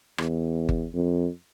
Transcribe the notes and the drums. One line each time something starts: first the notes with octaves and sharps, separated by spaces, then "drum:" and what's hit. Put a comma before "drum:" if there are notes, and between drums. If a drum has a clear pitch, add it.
E2, drum: rim click
drum: kick G1
F2